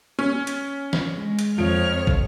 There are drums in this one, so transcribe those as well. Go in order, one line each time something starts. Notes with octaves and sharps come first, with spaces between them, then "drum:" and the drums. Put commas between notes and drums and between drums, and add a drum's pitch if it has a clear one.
C#4
drum: hi-hat
drum: snare
G#3
drum: hi-hat
F2 F3 C#5 F6 D7
drum: kick